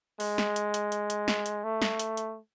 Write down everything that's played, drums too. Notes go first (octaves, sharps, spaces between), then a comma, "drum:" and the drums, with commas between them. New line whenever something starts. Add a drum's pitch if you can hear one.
G#3, drum: open hi-hat
drum: snare
drum: hi-hat
drum: hi-hat
drum: hi-hat
drum: hi-hat
drum: snare
drum: hi-hat
A3
drum: snare
drum: hi-hat
drum: hi-hat